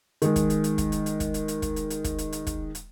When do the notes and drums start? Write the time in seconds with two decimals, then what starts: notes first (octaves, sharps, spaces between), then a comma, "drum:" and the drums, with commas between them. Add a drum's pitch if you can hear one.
0.22 D#3 G#3, drum: hi-hat
0.36 drum: kick, hi-hat
0.50 drum: hi-hat
0.64 drum: hi-hat
0.78 drum: kick, hi-hat
0.92 drum: hi-hat
1.06 drum: hi-hat
1.20 drum: kick, hi-hat
1.34 drum: hi-hat
1.48 drum: hi-hat
1.62 drum: kick, hi-hat
1.76 drum: hi-hat
1.90 drum: hi-hat
2.04 drum: kick, hi-hat
2.18 drum: hi-hat
2.33 drum: hi-hat
2.47 drum: kick, hi-hat
2.75 drum: hi-hat